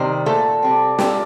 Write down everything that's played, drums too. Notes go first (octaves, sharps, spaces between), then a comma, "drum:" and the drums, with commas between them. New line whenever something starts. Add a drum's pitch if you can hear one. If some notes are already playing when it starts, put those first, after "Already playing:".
Already playing: C3 D#3 G3 C5
A#2 A3 A4
C3 G3 C4
A#2 G3 A3 C4 G4, drum: snare